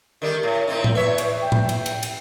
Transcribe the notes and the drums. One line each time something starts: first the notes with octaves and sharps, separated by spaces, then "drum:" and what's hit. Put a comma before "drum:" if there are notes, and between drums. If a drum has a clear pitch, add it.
D#3 G3 A3 A#4
A2
A2 C4 D#4
drum: tom A2
E2 B4 C#5 E5
drum: cymbal
G5
drum: tom A2
drum: cymbal
drum: cymbal
drum: cymbal